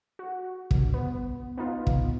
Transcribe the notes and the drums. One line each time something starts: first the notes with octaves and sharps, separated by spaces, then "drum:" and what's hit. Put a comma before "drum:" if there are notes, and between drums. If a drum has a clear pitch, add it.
F#4
G2, drum: kick
B3
B3 D#4 F4
drum: kick